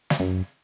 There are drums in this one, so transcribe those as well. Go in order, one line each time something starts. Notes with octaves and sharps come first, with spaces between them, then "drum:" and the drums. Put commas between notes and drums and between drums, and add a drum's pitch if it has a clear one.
drum: snare
F#2